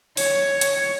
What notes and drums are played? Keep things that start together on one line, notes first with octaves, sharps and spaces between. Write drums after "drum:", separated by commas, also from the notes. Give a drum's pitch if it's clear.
C#5, drum: open hi-hat
drum: hi-hat